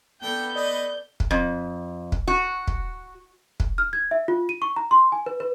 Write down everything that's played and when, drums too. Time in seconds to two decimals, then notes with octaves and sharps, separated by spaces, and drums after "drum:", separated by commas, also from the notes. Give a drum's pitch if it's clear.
0.22 B3 D4 A4 G5 G6
0.56 B4 D5 D#5
1.20 drum: kick
1.31 F2
2.12 drum: kick
2.28 F#4
2.68 drum: kick
3.60 drum: kick
3.78 F6
3.93 G#6
4.11 E5
4.28 F4
4.49 D#7
4.62 C#6
4.76 A#5
4.91 C6
5.12 G#5
5.26 B4
5.40 B4